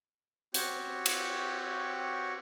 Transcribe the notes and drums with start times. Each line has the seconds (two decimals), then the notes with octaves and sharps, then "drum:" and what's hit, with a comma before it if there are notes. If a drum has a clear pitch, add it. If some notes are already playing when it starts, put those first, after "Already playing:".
0.54 C4 F#4 G4 C#5, drum: hi-hat
1.06 drum: cymbal